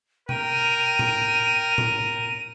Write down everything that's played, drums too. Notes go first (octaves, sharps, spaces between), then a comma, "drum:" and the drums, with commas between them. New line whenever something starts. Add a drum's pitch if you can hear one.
A#4 G5 D#7, drum: tom B2
drum: tom A2
drum: tom A2